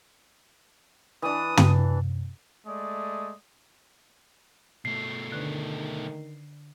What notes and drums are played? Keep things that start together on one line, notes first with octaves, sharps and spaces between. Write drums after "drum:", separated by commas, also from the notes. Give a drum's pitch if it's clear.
E3 D4 D#6
drum: tom
G#3 A3 D5 D#6
B2 A3 C7
D3 D#3 D4 B4